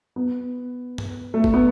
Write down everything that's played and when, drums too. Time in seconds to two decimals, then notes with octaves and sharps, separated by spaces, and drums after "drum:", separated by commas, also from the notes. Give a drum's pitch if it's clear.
0.16 B3
0.98 drum: tom G2
1.34 A3
1.44 A3, drum: kick F#1
1.54 B3